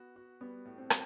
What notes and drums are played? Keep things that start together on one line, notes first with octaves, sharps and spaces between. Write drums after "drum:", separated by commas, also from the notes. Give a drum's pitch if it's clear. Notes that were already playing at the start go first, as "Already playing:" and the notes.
Already playing: B3 F#4
F#4
G3 B3
A2
C4
F#4, drum: rim click